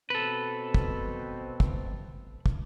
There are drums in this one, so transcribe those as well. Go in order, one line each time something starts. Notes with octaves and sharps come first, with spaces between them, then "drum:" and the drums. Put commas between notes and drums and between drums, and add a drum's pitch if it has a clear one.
B2 C4 A4 B4
drum: kick
drum: kick
drum: kick